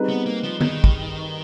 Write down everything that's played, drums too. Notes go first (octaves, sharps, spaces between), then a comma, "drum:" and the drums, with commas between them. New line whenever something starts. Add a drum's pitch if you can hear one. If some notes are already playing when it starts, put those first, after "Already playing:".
Already playing: G3 C4 D#4 G#4 B4
B3
A#3
F3
D#3, drum: tom D3
drum: kick